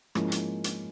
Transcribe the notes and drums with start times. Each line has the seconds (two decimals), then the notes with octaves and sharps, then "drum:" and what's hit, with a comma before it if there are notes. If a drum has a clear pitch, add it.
0.15 G#2 F3 A#3 C#4 E4, drum: rim click
0.32 drum: hi-hat
0.64 drum: hi-hat